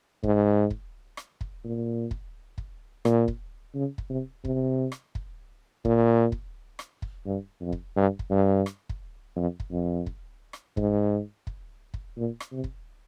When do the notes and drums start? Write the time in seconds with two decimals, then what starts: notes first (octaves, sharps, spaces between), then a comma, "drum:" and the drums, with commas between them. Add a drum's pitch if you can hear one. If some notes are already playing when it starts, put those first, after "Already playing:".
0.23 G#2, drum: kick
0.70 drum: kick
1.17 drum: rim click
1.41 drum: kick
1.64 A#2
2.11 drum: kick
2.58 drum: kick
3.05 A#2, drum: rim click
3.28 drum: kick
3.75 C#3
3.98 drum: kick
4.10 C3
4.45 C3, drum: kick
4.92 drum: rim click
5.15 drum: kick
5.85 A#2, drum: kick
6.32 drum: kick
6.79 drum: rim click
7.02 drum: kick
7.26 G2
7.61 F2
7.72 drum: kick
7.96 G2
8.19 drum: kick
8.31 G2
8.66 drum: rim click
8.89 drum: kick
9.36 F2
9.60 drum: kick
9.71 F2
10.06 drum: kick
10.53 drum: rim click
10.77 G#2, drum: kick
11.47 drum: kick
11.94 drum: kick
12.17 A#2
12.40 drum: rim click
12.52 C3
12.64 drum: kick